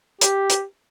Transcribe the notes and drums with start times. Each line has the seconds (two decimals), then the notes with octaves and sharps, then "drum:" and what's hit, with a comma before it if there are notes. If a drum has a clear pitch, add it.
0.21 G4, drum: hi-hat
0.50 drum: hi-hat